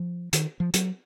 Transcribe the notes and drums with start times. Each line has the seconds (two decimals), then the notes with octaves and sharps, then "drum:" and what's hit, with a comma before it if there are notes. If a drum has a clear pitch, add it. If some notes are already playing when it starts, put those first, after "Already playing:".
Already playing: F3
0.33 D#3, drum: hi-hat
0.60 F3
0.74 F#3, drum: hi-hat